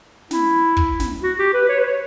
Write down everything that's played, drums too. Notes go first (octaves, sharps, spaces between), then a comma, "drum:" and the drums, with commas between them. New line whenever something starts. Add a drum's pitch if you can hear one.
E4, drum: snare
drum: kick
drum: snare
F#4
G4
B4
C#5
B4
C#5